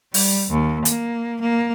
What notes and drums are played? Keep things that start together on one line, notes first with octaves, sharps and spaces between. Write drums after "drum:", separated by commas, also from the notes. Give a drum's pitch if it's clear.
G3, drum: open hi-hat
D#2
A#3, drum: hi-hat
A#3